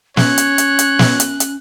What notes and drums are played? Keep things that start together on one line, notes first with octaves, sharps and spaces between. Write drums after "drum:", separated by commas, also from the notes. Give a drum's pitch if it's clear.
C#4 C#5 F#6, drum: snare
drum: hi-hat
drum: hi-hat
drum: hi-hat
drum: snare
drum: hi-hat
drum: hi-hat